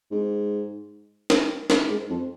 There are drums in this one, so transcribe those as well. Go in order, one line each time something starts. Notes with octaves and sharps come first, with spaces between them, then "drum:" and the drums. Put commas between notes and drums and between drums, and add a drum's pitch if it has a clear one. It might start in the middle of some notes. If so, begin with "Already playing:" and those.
G#2
drum: snare
drum: snare
G#2
F2